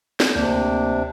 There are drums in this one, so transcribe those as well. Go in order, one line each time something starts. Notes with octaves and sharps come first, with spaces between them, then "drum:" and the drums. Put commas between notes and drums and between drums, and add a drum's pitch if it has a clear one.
drum: snare
D2 C3 A#3 D4 G6